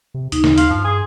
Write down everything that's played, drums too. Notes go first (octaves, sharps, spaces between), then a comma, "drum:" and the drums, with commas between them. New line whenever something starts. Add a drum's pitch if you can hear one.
C3
D#2 D#4, drum: hi-hat
D#2, drum: snare
F5 C6, drum: hi-hat
G2 F3
G#4